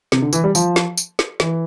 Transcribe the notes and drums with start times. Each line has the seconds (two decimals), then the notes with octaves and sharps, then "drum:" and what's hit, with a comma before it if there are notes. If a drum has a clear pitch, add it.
0.12 C3, drum: snare
0.22 D3
0.33 E3, drum: tambourine
0.44 G3
0.55 F3, drum: tambourine
0.76 drum: snare
0.98 drum: tambourine
1.19 drum: snare
1.40 E3, drum: snare